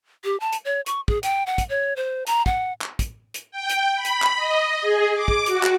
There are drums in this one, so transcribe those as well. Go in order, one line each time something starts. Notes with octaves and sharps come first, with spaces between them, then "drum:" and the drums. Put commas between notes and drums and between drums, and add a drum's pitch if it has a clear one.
G4
A5
drum: hi-hat
C#5
C#6, drum: hi-hat
G#4, drum: kick
G5, drum: hi-hat
F#5
drum: kick, hi-hat
C#5
C5
A#5, drum: hi-hat
F#5, drum: kick
drum: clap
drum: kick, hi-hat
drum: hi-hat
G5
drum: hi-hat
B5
drum: hi-hat
drum: clap
D#5
G#4
D6
drum: kick
F#4, drum: hi-hat
drum: clap